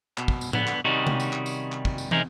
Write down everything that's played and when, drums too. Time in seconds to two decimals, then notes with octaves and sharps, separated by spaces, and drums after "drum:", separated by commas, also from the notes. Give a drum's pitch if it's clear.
0.18 B2, drum: clap
0.28 drum: kick
0.41 drum: tambourine
0.53 D3 B3, drum: tom A2
0.67 drum: clap
0.85 C3 D#3 G3 C#4 D#4 F#4
1.07 drum: tom C3
1.20 drum: tambourine
1.33 drum: clap
1.46 drum: tambourine
1.72 drum: clap
1.85 drum: kick
1.98 drum: tambourine
2.11 C3 D#4 G#4 A#4, drum: tom